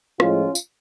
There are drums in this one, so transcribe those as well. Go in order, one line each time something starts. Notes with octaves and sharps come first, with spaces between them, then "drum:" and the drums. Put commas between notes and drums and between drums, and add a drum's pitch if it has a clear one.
A2 F3 G#3 C#4 F4, drum: rim click
drum: tambourine